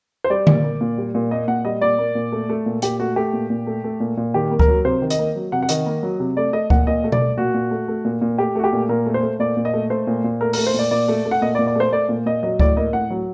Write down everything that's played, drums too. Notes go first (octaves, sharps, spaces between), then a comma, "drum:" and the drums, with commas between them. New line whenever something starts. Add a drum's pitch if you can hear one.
C5
G3 D5
A#2, drum: tom D3
A#3
A#2
G3
A#2
A#3 D#5
A#2 F#5
G3 D#5
A#2 D5
A#3
A#2
A3
A3
A#2
A#2 G4, drum: hi-hat
A3 F#4
A3 G4
A#2
A#2
A3
A3
A#2
A#2
D#3 G4
A#3
A#4, drum: kick C#2
F#3
C3 C5
D#3
D#5, drum: hi-hat
A#3
F#3
C3 F#5
F#5
D#3 D#5, drum: hi-hat
A#3
F#3
C3
A3 D5
A3 D#5
A#2 F#5, drum: kick C#2
A#2 D#5
A3
D5, drum: tom B2
A3
A#2 F#4
A#2
A3
A3
A#2
A#2
A3 G4
A3 F#4
G4
A#2
A#2 A#4
A3
C5
A3
A#2 D5
A#2
D#5
A3
A3 C5
A#2
A#2
A3 A#4
A#4, drum: open hi-hat
A3
C5
A#2 D5
A#2 D5
A3
A3
F#5
A#2 D#5
D5
A#2
D5
A3 C5
A3 D5
A#2
A#2 D#5
F#3 D#5
A2 D5, drum: kick C#2
A#3 D#5
A2 F#5
F#3